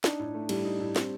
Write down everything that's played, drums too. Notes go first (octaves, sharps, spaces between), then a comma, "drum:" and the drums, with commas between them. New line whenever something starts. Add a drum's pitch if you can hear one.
D4 D#4, drum: snare
A2
A3
A2 G3, drum: cymbal
D#4
A2
C4, drum: snare